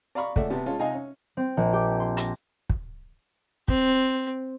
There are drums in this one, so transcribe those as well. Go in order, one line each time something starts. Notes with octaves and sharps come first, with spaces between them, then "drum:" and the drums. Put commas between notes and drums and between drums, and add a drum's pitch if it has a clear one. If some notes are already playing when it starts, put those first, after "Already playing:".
D5 F5 A#5 B5 C#6
C#2 A3 D5 E5 F#5, drum: kick
C3 B3 G4 A5
G#3 C#4 F4 A5
C3 D#4 D#5 F5 G#5
C#4
C4
A#1
G4
C6
A#6, drum: hi-hat
drum: kick
C4, drum: kick